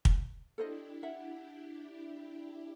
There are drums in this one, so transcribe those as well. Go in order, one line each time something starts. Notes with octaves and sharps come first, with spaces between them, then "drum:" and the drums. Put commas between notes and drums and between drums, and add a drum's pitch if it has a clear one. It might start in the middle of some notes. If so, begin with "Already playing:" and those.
drum: kick
D4 E4 G4 A4 C5 D#5
E5 F#5